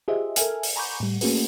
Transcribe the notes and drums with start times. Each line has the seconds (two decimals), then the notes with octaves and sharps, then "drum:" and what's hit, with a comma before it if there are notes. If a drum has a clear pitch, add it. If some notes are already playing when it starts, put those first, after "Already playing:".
0.08 F4 G4 G#4 C5 D#5 E5
0.36 A4 A#4 E5 G#5 F6, drum: hi-hat
0.63 drum: open hi-hat
0.76 G#5 A#5 B5 C#6 D6 G6
1.00 A2 G3
1.21 A3 A#3 C#4 F#4 G#4 B4, drum: open hi-hat